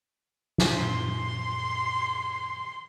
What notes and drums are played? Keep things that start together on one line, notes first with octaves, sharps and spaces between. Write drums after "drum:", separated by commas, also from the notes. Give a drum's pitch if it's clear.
drum: snare
F#2 A#2 D#3 C6